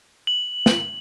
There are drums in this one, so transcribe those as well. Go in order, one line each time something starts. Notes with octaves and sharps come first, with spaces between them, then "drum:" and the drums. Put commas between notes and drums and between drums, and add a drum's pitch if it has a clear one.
F#7
drum: snare